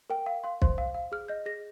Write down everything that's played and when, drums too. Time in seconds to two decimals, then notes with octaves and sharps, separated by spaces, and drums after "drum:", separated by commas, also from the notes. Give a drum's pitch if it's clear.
0.10 A#4 G5
0.26 F5
0.44 F5 C6
0.62 C5 C6, drum: kick
0.78 F5
0.94 F5
1.12 G#4 F6
1.28 D#5 G6
1.46 G#4 A#6